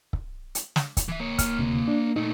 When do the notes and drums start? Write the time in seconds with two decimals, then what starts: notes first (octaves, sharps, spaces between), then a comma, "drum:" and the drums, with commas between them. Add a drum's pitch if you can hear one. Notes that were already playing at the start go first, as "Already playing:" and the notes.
0.13 drum: kick C#1
0.55 drum: hi-hat
0.76 drum: snare
0.97 drum: kick C#1, hi-hat
1.08 E3 E5
1.20 A#3 C#5
1.39 F6, drum: kick C#1, hi-hat
1.59 D2 C3
1.88 D4
2.16 A#2 A3 D#4